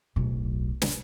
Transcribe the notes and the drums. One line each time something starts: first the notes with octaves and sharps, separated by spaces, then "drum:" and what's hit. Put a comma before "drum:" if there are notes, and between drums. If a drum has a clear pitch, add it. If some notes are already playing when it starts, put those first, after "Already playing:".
D1 B1
drum: snare